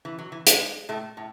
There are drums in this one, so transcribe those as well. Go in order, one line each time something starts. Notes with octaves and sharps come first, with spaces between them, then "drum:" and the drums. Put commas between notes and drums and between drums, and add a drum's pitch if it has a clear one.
E3
F#3
E3
G#3, drum: hi-hat
A2 A3
A2